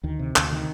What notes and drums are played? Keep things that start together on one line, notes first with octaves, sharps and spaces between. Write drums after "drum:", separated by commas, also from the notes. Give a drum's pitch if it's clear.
D2 D#3
C3
D2 D3, drum: clap
C3 D#3